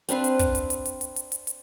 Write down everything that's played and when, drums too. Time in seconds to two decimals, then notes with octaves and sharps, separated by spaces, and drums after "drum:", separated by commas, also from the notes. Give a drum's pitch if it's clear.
0.09 C4 D4 B4 F5, drum: hi-hat
0.24 drum: hi-hat
0.39 drum: kick, hi-hat
0.55 drum: hi-hat
0.70 drum: hi-hat
0.86 drum: hi-hat
1.01 drum: hi-hat
1.16 drum: hi-hat
1.32 drum: hi-hat
1.47 drum: hi-hat